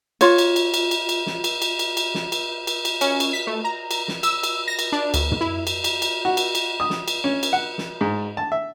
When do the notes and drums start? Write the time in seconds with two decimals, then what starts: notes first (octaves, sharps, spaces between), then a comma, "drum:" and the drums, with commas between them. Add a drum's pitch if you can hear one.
0.21 F4 C#5, drum: cymbal
0.38 drum: cymbal
0.56 drum: cymbal
0.74 drum: cymbal
0.91 drum: cymbal
1.09 drum: cymbal
1.26 drum: snare
1.44 drum: cymbal
1.62 drum: cymbal
1.79 drum: cymbal
1.97 drum: cymbal
2.14 drum: snare
2.32 drum: cymbal
2.67 drum: cymbal
2.85 drum: cymbal
3.01 C#4, drum: cymbal
3.20 drum: cymbal
3.33 B6
3.47 A3
3.64 A#5
3.91 drum: cymbal
4.08 drum: snare
4.23 E6, drum: cymbal
4.43 drum: cymbal
4.68 A#6
4.79 drum: cymbal
4.92 D4
5.14 D2, drum: cymbal
5.31 drum: tom
5.41 E4
5.67 drum: cymbal
5.84 drum: cymbal
6.02 drum: cymbal
6.25 F#4
6.37 drum: cymbal
6.55 drum: cymbal
6.80 D#6
6.90 drum: snare
7.08 drum: cymbal
7.24 C#4
7.43 drum: cymbal
7.53 F#5
7.78 drum: snare
8.01 G#2
8.37 A5
8.52 E5